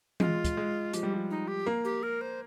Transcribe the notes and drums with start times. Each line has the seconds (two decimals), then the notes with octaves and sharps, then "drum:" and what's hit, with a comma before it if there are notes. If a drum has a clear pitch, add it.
0.20 G#3 F4, drum: tom E3
0.45 drum: kick, hi-hat
0.57 G#3
0.93 F3 G4, drum: hi-hat
1.03 G3
1.14 F3
1.30 D#4
1.48 G4
1.66 A#3
1.84 G4
2.03 A#4
2.21 C5